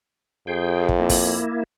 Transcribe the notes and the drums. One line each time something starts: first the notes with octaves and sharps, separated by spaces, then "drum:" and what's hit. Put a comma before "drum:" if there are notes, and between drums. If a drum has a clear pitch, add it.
F2 G#4 G5
drum: kick
A#3 E4
drum: kick, open hi-hat